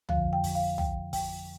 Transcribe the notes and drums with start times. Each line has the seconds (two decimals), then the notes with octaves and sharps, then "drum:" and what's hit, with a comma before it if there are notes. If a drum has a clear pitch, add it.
0.09 F2 D3 F3 F5, drum: tom
0.33 G5
0.44 drum: kick, open hi-hat
0.55 F5
0.78 G5, drum: tom
1.13 G5, drum: kick, open hi-hat